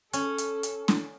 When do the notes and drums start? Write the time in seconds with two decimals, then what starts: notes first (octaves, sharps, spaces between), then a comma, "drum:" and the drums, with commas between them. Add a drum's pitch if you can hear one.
0.13 C#4 A4, drum: hi-hat
0.38 drum: hi-hat
0.63 drum: hi-hat
0.88 drum: snare